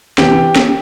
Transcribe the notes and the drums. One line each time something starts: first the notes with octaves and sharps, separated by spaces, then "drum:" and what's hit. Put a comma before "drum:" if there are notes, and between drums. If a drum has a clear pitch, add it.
C3 E3 G4 G5, drum: snare
drum: snare